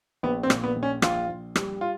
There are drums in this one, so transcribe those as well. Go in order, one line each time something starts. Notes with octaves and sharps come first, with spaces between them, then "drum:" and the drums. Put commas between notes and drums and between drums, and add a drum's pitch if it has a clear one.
A#1 B3
C4
A#2, drum: rim click
B3
A#1
C#4
A#1 F4, drum: rim click
A#1
G3, drum: rim click
F4